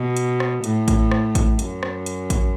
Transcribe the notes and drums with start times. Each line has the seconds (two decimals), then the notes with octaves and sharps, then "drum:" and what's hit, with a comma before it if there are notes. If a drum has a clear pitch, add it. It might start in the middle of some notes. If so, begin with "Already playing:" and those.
Already playing: B2
0.17 drum: hi-hat
0.40 drum: rim click
0.64 A2, drum: hi-hat
0.88 drum: kick A1, hi-hat
1.11 drum: rim click
1.35 drum: kick A1, hi-hat
1.59 F#2, drum: hi-hat
1.83 drum: rim click
2.06 drum: hi-hat
2.30 drum: kick A1, hi-hat